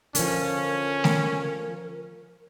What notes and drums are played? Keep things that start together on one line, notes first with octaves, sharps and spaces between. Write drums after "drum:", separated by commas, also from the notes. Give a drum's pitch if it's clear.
D3 F3 C#4 A#4, drum: hi-hat
drum: snare A3